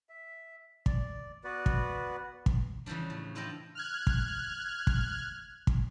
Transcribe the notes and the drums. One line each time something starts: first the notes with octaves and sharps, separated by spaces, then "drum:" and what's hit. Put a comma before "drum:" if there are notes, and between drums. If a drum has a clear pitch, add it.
E5
D5, drum: kick
B3 F#4 B4 D5
drum: kick
drum: kick
C#3 E3 F3 G3 D4
A2
D4 E4 F4 A4 D#5 G5
F6 F#6 G#6
drum: kick
drum: kick
drum: kick